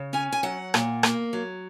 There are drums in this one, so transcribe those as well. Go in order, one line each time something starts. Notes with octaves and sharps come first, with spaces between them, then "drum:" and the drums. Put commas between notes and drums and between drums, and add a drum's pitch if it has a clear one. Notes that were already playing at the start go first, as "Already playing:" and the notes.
Already playing: C#3
C#4 G#5
G#5
F#3 F#5
A#2, drum: rim click
A#3, drum: rim click
F#3